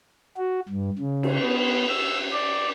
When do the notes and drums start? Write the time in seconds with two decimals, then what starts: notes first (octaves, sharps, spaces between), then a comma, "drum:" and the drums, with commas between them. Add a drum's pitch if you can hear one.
0.37 F#4
0.69 G2
0.99 C#3
1.23 drum: cymbal
1.41 B3
1.88 E6
2.32 D5